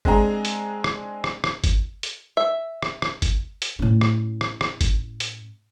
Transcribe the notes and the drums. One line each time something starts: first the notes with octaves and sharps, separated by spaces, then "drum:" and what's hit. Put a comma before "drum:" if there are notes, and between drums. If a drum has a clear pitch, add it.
G#3 C4 D4 G#4 A#5, drum: kick G1
drum: hi-hat
drum: rim click
drum: rim click
drum: rim click
drum: kick G1, hi-hat
drum: hi-hat
E5
drum: rim click
drum: rim click
drum: kick G1, hi-hat
drum: hi-hat
A2 C#4
drum: rim click
drum: rim click
drum: rim click
drum: kick G1, hi-hat
drum: hi-hat